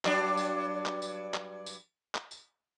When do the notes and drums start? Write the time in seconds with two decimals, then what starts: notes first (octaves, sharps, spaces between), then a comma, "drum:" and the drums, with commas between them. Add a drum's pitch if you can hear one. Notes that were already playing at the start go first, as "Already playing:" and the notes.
0.05 G2 F#3 D4, drum: clap
0.37 drum: tambourine
0.86 drum: clap
1.02 drum: tambourine
1.34 drum: clap
1.66 drum: tambourine
2.15 drum: clap
2.31 drum: tambourine